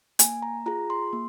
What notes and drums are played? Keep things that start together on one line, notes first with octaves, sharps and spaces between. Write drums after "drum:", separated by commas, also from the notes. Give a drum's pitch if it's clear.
A#3 G#5, drum: hi-hat
A#5
F4 G#4 A#5
C6
A#3